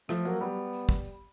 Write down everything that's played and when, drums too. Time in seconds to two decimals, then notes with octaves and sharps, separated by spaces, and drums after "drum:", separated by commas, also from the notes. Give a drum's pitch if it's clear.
0.09 F3 A3, drum: rim click
0.25 F#3 A#3, drum: tambourine
0.41 G3 B3
0.73 drum: tambourine
0.89 drum: kick, tambourine
1.05 drum: tambourine